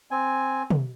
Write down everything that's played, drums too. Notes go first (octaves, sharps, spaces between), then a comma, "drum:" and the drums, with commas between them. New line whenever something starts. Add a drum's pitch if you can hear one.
C4 G#5
drum: tom